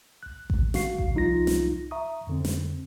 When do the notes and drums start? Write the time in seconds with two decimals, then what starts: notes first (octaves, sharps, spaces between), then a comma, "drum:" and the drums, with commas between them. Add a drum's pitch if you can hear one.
0.23 B1 F#6
0.50 drum: kick A1
0.74 D#3 F#4 F5 C7, drum: snare
0.98 drum: kick A1
1.14 C2 F3 D#4 F4 A#6
1.47 drum: snare
1.91 E5 A#5 C#6 D#6
2.27 F2 D3 C4
2.45 drum: snare